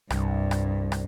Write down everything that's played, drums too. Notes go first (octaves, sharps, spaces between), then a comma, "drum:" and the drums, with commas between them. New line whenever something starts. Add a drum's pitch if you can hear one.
C2 G2, drum: rim click
drum: rim click
drum: rim click